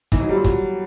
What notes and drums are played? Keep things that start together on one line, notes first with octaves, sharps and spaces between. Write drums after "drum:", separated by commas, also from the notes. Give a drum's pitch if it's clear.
E3 D#4, drum: kick, hi-hat
F#3
D#4
G3
F#3 F4
F#3, drum: kick, hi-hat